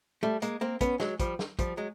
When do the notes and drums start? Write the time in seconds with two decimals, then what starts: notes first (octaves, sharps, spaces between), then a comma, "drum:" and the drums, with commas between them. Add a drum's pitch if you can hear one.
0.23 G3 A3
0.42 G#3 A#3, drum: hi-hat
0.61 A#3 C4
0.81 B3 C#4, drum: kick, hi-hat
1.00 F#3 G#3, drum: snare
1.20 F3 G3, drum: kick, hi-hat
1.39 drum: snare
1.59 F3 G3, drum: kick, hi-hat
1.77 F#3 G#3